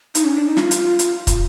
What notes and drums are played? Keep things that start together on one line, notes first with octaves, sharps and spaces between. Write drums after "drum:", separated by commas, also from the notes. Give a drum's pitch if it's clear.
D#4, drum: hi-hat
C#4
D4
D#4
F4, drum: snare
drum: hi-hat
drum: hi-hat
drum: kick, hi-hat